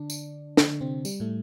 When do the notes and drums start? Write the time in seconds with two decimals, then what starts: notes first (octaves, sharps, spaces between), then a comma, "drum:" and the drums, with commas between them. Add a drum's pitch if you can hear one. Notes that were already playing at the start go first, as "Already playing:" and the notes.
Already playing: D3 D4
0.10 drum: tambourine
0.57 D3 D4, drum: snare
0.81 C3 C4
1.05 G3, drum: tambourine
1.20 A2 A3